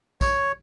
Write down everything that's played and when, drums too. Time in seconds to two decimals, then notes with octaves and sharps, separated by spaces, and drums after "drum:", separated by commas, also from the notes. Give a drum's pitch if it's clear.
0.21 C#5, drum: kick, tambourine